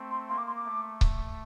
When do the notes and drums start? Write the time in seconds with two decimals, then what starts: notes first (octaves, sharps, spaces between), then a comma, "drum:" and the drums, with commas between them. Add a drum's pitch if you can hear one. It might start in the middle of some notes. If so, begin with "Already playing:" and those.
Already playing: A3 C4
0.11 C6
0.29 A#3 C6
0.38 D6
0.47 C6
0.56 D6
0.66 A3
1.01 drum: kick C#1